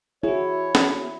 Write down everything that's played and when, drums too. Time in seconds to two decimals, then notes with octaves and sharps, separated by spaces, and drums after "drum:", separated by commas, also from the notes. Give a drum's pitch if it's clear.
0.23 E4 F#4 G#4 C#5
0.75 drum: snare